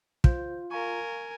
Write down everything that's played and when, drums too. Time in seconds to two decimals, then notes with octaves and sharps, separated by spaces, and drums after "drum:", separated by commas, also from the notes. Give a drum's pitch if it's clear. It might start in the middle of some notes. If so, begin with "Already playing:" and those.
0.24 F4 C5 G6, drum: kick
0.71 A#4 F5 G#5 A#5 C#6